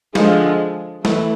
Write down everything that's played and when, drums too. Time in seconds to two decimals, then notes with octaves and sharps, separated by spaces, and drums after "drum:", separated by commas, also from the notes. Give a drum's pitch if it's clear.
0.15 D3 F3 G#3, drum: snare
1.05 E3 A3, drum: snare